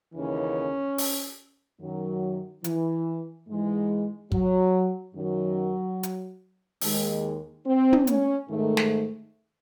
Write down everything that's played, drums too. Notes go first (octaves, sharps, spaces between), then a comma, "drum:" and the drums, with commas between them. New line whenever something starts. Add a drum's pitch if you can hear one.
D#2 C#3 E3 C#4
drum: open hi-hat
F#2 D#3 F#3
E3, drum: hi-hat
G#2 E3 G#3
F#3, drum: kick
F#2 D#3 F#3
drum: hi-hat
D#2 D#3 G#3, drum: open hi-hat
C4
drum: tom
C#4, drum: hi-hat
G#2 D#3 A3
drum: snare